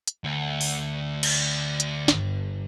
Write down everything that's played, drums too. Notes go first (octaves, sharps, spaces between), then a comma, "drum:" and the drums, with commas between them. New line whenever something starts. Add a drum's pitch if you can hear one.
drum: hi-hat
D2
drum: open hi-hat
drum: cymbal
drum: hi-hat
G1, drum: snare